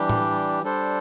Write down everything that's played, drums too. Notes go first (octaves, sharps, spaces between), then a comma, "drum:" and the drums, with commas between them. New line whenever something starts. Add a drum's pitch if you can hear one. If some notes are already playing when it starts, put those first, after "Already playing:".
Already playing: E3 G3 D4 G4
drum: tom A2
G3 D4 A4 C5